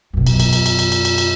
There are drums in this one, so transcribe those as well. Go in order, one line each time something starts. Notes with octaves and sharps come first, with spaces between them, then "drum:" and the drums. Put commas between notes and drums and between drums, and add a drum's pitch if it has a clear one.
F#2 B2
drum: cymbal
drum: cymbal
drum: cymbal
drum: cymbal
drum: cymbal
drum: cymbal
drum: cymbal
drum: cymbal